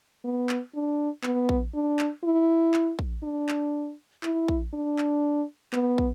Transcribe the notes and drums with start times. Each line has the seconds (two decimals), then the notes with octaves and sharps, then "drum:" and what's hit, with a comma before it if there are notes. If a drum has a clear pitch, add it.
0.25 B3
0.49 drum: clap
0.75 D4
1.23 B3, drum: clap
1.49 drum: kick
1.75 D4
1.99 drum: clap
2.24 E4
2.74 drum: clap
2.99 drum: kick
3.23 D4
3.49 drum: clap
4.23 E4, drum: clap
4.48 drum: kick
4.73 D4
4.98 drum: clap
5.73 B3, drum: clap
5.98 drum: kick